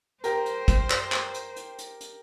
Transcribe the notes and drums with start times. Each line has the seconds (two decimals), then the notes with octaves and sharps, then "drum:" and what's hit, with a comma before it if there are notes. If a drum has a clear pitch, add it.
0.24 G4 A#4 C5, drum: hi-hat
0.46 drum: hi-hat
0.68 drum: kick, hi-hat
0.90 drum: clap
1.12 drum: clap
1.34 drum: hi-hat
1.56 drum: hi-hat
1.78 drum: hi-hat
2.01 drum: hi-hat